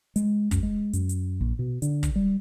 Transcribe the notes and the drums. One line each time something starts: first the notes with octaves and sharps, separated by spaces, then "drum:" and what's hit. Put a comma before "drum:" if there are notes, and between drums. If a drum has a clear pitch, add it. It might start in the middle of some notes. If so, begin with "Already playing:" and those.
G#3, drum: hi-hat
F#2, drum: kick, hi-hat
G#3
F#2, drum: hi-hat
drum: hi-hat
A#1
B2
D3, drum: hi-hat
drum: kick, hi-hat
G3